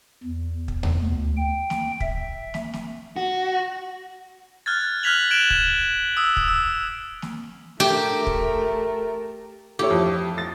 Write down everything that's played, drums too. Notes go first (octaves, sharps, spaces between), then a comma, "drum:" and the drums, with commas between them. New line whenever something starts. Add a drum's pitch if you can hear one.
E2
drum: kick
drum: tom D#2
D2
G5
drum: snare
E5, drum: kick
drum: snare
drum: snare
F#4
F6 F#6 G#6 A6
F6 F#6 G#6 B6 F7 F#7
F#6 G#6 D7 E7 F#7 G7
G#6, drum: kick
D#6 E6
drum: kick
E6
drum: snare
A3 G4 A#4
drum: kick
A3 E4 G4 C#5
F2
A6